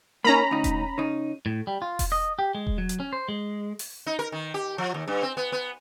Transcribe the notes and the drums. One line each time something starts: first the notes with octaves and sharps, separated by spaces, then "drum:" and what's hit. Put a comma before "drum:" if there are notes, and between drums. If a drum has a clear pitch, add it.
A#3 C#4 D#4 A#5 B5
D2 D#4
drum: kick E1, hi-hat
C#3 D#4
A2
G3
F4
drum: kick E1, open hi-hat
D#5
G4
G#3
drum: kick E1
F#3
drum: hi-hat
C#4
C5
G#3
drum: open hi-hat
D#4
A#4
D#3
G4
F3
D#2
G2
C4
B3
B3